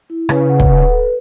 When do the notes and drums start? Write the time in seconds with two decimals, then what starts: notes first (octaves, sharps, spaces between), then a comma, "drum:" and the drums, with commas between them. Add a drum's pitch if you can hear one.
0.10 E4
0.29 C#3 B4, drum: rim click
0.49 F#5
0.60 drum: kick
0.69 B4
0.89 A4